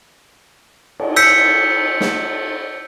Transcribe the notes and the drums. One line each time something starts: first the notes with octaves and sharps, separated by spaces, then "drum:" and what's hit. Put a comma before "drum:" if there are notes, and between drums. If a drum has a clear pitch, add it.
drum: cymbal
E6 G6 B6 C#7
drum: snare